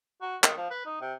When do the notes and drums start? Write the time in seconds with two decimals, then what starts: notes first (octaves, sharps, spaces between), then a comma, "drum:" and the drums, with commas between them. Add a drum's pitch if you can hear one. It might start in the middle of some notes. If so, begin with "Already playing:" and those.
0.22 F#4
0.44 D#3, drum: clap
0.57 F3
0.71 B4
0.85 D#4
1.01 C3